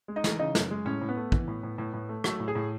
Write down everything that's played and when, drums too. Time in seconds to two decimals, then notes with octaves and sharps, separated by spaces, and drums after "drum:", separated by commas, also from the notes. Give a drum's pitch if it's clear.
0.08 G#3
0.16 D#4 D#5
0.24 E3, drum: snare
0.39 C#3 D#4 D#5
0.55 F#2, drum: snare
0.71 G#3
0.86 A2 C#4 C#5
1.01 A2
1.09 B3 B4
1.17 A3
1.32 E3, drum: kick
1.48 A2
1.63 A2
1.78 A2
1.93 A2
2.09 A3
2.24 F#3 A3 A4, drum: rim click
2.40 A2
2.48 G#4
2.55 A2